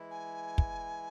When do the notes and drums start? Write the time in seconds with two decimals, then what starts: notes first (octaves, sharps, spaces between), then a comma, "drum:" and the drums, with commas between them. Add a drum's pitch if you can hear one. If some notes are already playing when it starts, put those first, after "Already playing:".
Already playing: E3 G#3 E4
0.11 G#5
0.58 drum: kick